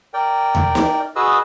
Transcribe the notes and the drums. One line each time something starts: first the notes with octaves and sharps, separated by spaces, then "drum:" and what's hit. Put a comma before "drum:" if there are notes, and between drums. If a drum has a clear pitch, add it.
A#4 D5 G5
drum: tom D#2
drum: snare
F#4 G#4 B4 D#5 E6